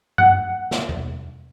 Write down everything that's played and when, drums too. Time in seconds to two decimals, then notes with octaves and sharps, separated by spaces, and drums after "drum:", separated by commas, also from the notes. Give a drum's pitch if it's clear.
0.18 F#5, drum: tom G2
0.71 drum: snare
0.89 drum: tom E2